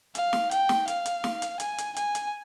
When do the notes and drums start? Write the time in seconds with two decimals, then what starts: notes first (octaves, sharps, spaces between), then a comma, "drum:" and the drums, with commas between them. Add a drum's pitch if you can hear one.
0.15 F5, drum: hi-hat
0.33 drum: snare
0.51 G5, drum: hi-hat
0.69 drum: snare
0.88 F5, drum: hi-hat
1.06 drum: hi-hat
1.24 drum: snare
1.42 drum: hi-hat
1.60 G#5, drum: hi-hat
1.78 drum: hi-hat
1.96 G#5, drum: hi-hat
2.15 drum: hi-hat